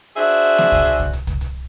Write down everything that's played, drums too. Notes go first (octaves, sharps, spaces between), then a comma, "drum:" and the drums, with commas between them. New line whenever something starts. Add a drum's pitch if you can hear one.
D4 F#4 G#4 C5 E5
drum: hi-hat
drum: hi-hat
drum: snare A#3
drum: kick C2, hi-hat
drum: hi-hat
drum: kick C2, hi-hat
drum: hi-hat
drum: kick C2, hi-hat
drum: hi-hat